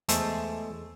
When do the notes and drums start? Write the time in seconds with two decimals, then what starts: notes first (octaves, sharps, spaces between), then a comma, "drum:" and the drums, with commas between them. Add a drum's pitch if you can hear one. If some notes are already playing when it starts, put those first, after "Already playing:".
0.08 E2 G#3 A3 A4 C5, drum: hi-hat